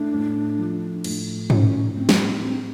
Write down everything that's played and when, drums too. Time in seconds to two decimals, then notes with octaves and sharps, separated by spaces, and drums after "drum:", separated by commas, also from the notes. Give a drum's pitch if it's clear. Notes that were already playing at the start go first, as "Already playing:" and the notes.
Already playing: A2 A3 D4
0.14 A2
0.59 F3
1.04 A2, drum: cymbal
1.50 A3 C#4, drum: tom G#2
1.96 A2 C4
2.09 drum: snare
2.41 G#3 C4